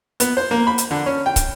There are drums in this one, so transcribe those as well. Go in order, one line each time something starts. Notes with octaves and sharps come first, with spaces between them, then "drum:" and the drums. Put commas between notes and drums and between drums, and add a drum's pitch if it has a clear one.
B3, drum: hi-hat
C5
A#3
B5
drum: hi-hat
D3
C#4
G5
drum: kick, hi-hat